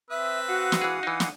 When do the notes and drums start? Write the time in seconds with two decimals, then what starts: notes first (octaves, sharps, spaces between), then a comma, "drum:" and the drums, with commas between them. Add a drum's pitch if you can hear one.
0.10 C4 B4 E5 D#6 E6
0.48 F#4 F5 F#5 D#6
0.72 drum: snare
0.81 E3 G#4
1.03 E3 D#4
1.20 drum: snare